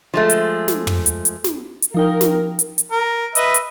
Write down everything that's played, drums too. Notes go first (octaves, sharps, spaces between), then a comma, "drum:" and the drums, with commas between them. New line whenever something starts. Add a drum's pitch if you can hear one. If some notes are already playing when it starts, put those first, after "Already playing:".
F3 G#3 A3
drum: hi-hat
drum: snare
drum: tom
drum: hi-hat
drum: hi-hat
drum: snare
drum: hi-hat
F3 D#4 A#4 G5
drum: snare
drum: hi-hat
drum: hi-hat
A#4
B4 D#5 E5, drum: hi-hat
drum: hi-hat